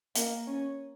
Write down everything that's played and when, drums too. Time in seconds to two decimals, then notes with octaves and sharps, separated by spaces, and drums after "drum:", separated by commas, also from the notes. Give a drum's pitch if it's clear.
0.16 A#3, drum: hi-hat
0.47 C#4